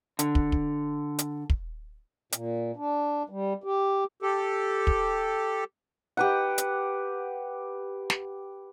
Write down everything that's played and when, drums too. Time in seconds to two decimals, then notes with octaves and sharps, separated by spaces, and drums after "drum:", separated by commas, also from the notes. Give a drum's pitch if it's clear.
0.19 D3, drum: hi-hat
0.35 drum: kick
0.52 drum: kick
1.19 drum: hi-hat
1.50 drum: kick
2.32 A#2, drum: hi-hat
2.76 D4
3.30 G3
3.64 G4
4.22 G4 A4
4.87 drum: kick
6.17 G4 B4 F#5
6.58 drum: hi-hat
8.10 drum: snare